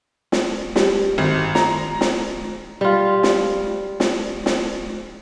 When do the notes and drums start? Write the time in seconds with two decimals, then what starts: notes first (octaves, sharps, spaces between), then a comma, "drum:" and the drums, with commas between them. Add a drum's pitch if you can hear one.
0.32 drum: snare
0.76 G3, drum: snare
1.18 G#1
1.55 A#5, drum: snare
2.01 drum: snare
2.81 G3 F4
3.23 drum: snare
4.00 drum: snare
4.46 drum: snare